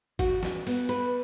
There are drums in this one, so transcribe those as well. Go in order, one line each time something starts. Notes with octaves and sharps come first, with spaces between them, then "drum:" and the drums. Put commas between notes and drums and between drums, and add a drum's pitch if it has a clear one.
F#4, drum: kick, cymbal
F#4, drum: snare
B3, drum: cymbal
B4, drum: cymbal